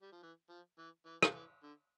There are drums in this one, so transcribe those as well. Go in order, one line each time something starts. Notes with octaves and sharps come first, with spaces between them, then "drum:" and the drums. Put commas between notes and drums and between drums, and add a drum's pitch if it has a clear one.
G3
F3
E3
F3
E3
E3
F3, drum: rim click
E3
D3